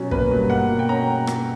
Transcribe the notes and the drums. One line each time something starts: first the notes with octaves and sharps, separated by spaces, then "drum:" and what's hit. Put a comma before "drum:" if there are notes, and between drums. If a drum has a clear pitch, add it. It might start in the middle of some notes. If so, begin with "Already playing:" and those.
Already playing: B2 F#3 C#4
A#3 B4, drum: kick
G2
A#3 F#5
B2
G5
C#4 A#5
drum: rim click